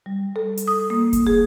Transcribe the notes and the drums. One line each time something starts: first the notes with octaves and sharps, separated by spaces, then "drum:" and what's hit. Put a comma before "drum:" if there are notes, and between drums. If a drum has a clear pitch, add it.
G3
A4
drum: hi-hat
D#6
A#3
drum: kick F1, hi-hat
G#4